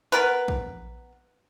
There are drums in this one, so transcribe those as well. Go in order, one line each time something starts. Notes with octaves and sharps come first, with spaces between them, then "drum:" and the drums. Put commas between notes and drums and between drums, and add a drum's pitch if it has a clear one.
B3 A#4 B4
drum: kick A#1